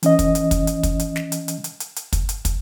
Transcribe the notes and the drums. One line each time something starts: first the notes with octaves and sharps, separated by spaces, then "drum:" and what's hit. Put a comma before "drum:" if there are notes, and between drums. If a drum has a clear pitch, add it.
E3 C#4 D#5, drum: hi-hat
drum: kick, hi-hat
drum: hi-hat
drum: kick, hi-hat
drum: hi-hat
drum: kick, hi-hat
drum: hi-hat
drum: snare
drum: hi-hat
drum: hi-hat
drum: hi-hat
drum: hi-hat
drum: hi-hat
drum: kick, hi-hat
drum: hi-hat
drum: kick, hi-hat